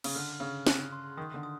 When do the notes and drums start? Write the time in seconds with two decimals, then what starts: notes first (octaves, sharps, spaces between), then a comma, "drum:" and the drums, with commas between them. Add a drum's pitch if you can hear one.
0.04 C#3, drum: cymbal
0.15 D3 F6
0.40 C#3 F6
0.67 C#3 F#6, drum: snare
0.92 C6
1.17 D#3 D#6
1.34 D3
1.43 D#6